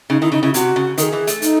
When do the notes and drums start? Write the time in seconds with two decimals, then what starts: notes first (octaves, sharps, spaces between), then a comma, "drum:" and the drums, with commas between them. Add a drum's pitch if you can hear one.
0.10 C#3 D#4
0.21 D#3 E4
0.32 C#3 D#4
0.43 C#3 E4
0.54 C3 F#4, drum: hi-hat
0.76 C#3
0.98 D#3 A#4, drum: hi-hat
1.03 G#4
1.13 E3
1.27 A3, drum: hi-hat
1.42 D#4, drum: hi-hat